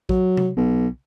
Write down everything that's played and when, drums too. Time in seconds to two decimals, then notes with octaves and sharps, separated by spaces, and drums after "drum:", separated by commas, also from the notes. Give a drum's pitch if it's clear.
0.09 F#3, drum: kick A#1
0.37 drum: tom C3
0.57 B1